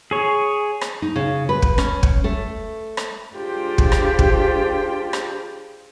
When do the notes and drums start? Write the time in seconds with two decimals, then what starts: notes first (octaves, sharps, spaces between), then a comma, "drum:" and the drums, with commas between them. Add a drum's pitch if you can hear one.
0.11 G#4 C#5
0.81 drum: rim click
1.02 D#4
1.16 C#3
1.49 B4
1.62 drum: kick
1.78 C#4, drum: rim click
2.03 drum: kick
2.24 A3
2.97 drum: rim click
3.35 D4 F4 G4 G#4 C5 G5
3.78 drum: kick
3.92 drum: rim click
4.19 drum: kick
5.13 drum: rim click